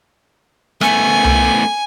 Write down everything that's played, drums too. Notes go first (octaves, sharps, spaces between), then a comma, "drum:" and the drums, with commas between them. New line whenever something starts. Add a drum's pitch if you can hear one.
A3 B3 G#5, drum: rim click
drum: tom C2